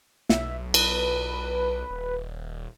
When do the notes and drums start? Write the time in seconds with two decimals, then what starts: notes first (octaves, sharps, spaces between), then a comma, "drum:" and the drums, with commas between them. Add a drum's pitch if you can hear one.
0.29 B1 E5, drum: snare
0.74 B4, drum: cymbal
1.90 D#1